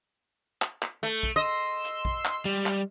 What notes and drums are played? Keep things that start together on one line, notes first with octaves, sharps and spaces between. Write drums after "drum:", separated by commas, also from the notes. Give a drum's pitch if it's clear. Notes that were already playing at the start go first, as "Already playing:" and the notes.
drum: clap
drum: clap
A3, drum: hi-hat
drum: kick A#1
D#5 C6 E6
drum: hi-hat
drum: kick A#1
drum: clap
G3
drum: clap